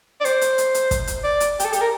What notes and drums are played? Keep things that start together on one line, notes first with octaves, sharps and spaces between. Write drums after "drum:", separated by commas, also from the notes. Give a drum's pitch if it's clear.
D5
C5, drum: hi-hat
drum: hi-hat
drum: hi-hat
drum: hi-hat
drum: kick, hi-hat
drum: hi-hat
D5
drum: hi-hat
G4, drum: hi-hat
A4
G4, drum: hi-hat
A#4